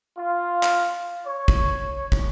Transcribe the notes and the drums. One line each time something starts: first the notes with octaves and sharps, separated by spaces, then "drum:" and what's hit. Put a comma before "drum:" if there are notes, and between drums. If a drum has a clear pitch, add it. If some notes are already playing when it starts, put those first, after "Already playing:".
F4
drum: clap
C#5
drum: kick
drum: kick